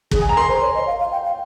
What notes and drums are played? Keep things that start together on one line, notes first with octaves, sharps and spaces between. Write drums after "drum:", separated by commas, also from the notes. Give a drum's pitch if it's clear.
G#4, drum: kick
G#5
A#5
A#4 C6
C5
C#5
D#5
F5
F5
G5
F5